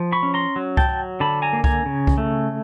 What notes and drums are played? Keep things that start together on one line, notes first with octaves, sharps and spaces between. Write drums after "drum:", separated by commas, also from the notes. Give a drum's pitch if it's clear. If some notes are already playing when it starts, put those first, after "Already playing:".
Already playing: F3
B5 C#6
C#4
A#5 C6
F#3
G5 A5, drum: kick C2
F#3
D3 A5 B5
G#5 A#5
A#3
G#5 A#5, drum: kick C2
C#3
drum: kick C2
A3